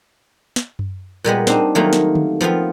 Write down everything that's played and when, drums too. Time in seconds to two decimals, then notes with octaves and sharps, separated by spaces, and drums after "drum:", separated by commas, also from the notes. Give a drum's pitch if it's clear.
0.56 drum: snare
0.79 drum: tom F#2
1.24 A#2 G3 G#3 B3
1.47 C4 D4 D#4, drum: snare
1.75 D#3 F#3 G3 A3 A#3 F4
1.93 drum: snare
2.15 drum: tom D3
2.41 F3 B3 C4 F4